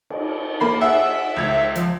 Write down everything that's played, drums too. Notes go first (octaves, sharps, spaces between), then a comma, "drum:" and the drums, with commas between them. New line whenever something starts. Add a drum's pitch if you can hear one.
drum: cymbal
A#3 B5 C7
G#4 E5 F#5
C#2 G#6
F3, drum: hi-hat